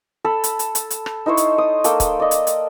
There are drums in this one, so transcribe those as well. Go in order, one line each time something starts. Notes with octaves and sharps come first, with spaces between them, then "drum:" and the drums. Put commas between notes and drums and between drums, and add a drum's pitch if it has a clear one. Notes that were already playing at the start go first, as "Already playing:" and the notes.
A4 B5
drum: hi-hat
drum: hi-hat
drum: hi-hat
drum: hi-hat
drum: rim click
D#4 E4 C5 C#5
drum: hi-hat
D#6
A#3 A4 G5, drum: hi-hat
drum: kick C#1, hi-hat
D5 D#5
drum: hi-hat
drum: hi-hat